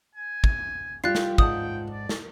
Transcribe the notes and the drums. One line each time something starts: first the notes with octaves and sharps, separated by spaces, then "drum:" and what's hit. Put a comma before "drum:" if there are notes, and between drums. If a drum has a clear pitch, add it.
G#5
drum: kick
G3 F4 G4 F#6 A6 C7
drum: snare
G#2 F#5 G5 A5 D#6, drum: kick
D5
drum: snare